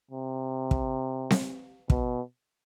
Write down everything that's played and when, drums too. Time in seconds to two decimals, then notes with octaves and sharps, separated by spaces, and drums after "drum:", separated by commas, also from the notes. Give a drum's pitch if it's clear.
0.11 C3
0.71 drum: kick
1.30 drum: snare C4
1.90 B2, drum: kick